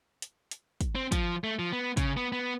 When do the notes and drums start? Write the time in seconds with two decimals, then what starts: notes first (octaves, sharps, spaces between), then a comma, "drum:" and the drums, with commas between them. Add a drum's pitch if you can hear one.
0.22 drum: hi-hat
0.51 drum: hi-hat
0.81 drum: kick, hi-hat
0.95 C4
1.12 F3, drum: kick, hi-hat
1.44 A3
1.59 F3
1.73 B3
1.97 C#3, drum: kick, hi-hat
2.17 B3
2.33 B3